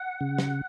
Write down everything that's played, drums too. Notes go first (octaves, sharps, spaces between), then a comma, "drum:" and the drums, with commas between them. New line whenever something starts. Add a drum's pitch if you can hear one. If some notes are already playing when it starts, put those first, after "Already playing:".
Already playing: F#5
C#3
drum: snare